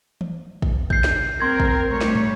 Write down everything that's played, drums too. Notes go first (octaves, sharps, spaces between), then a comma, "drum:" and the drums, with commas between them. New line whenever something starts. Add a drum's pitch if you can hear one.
drum: tom E3
drum: kick
G6 C7, drum: kick
drum: snare
C4 A#4 C6 G#6
drum: kick
G3 A3 C#5
drum: snare
drum: tom